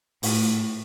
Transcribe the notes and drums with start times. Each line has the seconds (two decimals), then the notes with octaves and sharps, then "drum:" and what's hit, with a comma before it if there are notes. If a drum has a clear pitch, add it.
0.23 A2, drum: open hi-hat